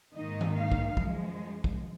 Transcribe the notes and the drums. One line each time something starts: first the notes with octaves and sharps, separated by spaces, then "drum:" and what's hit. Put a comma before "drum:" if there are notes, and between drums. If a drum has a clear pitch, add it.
G#2 D#3 A#3 D#4 D#5
drum: tom D#3
F5
drum: kick
F#2 F3 G#3, drum: kick
drum: kick